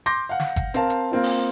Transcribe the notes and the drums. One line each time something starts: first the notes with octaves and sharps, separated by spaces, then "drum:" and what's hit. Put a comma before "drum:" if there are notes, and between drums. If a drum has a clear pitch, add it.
C6 D6 G6 A#6, drum: hi-hat
F5 F#5
drum: snare
drum: kick G1, hi-hat
C4 A#4 F5 A5, drum: hi-hat
drum: hi-hat
A#3 C4 F4
drum: open hi-hat